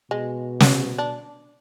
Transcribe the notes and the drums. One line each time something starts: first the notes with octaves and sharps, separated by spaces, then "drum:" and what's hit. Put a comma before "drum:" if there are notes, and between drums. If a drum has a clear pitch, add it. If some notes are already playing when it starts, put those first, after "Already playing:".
B2 G#3
drum: snare
D4